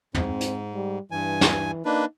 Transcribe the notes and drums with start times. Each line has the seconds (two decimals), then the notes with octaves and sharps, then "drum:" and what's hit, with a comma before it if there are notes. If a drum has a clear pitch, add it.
0.15 G#2 C4, drum: tom
0.41 drum: hi-hat
0.74 G3
1.11 G2 E3 G#5
1.41 drum: snare
1.85 A#3 D4 D#4 B4